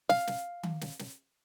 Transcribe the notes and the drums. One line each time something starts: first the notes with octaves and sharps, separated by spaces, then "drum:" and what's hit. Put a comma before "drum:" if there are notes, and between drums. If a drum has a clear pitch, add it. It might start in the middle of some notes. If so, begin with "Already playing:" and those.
F5, drum: snare
drum: snare
drum: tom D#3
drum: snare
drum: snare